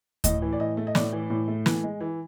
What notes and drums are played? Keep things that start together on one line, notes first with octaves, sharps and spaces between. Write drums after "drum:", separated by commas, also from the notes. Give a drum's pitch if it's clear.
A2 D#5, drum: kick D2, hi-hat
E3
D5
A2 D#5
A3
D#5
A2 D5, drum: snare
E3
A2
A3
E3, drum: snare
G#3
E3